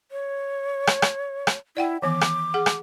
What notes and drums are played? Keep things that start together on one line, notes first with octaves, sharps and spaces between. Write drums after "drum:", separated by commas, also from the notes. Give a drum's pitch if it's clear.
C#5
drum: rim click
drum: rim click
drum: rim click
E4 D5 F#5 G5
D#3 E3 B3 D6
drum: rim click
G#4 F#5
drum: rim click